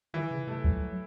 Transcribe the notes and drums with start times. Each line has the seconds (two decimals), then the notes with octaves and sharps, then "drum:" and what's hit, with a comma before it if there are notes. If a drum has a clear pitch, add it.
0.14 D#3 E3
0.31 C#3
0.47 C3 A3
0.64 F#3, drum: kick D2
0.81 F#3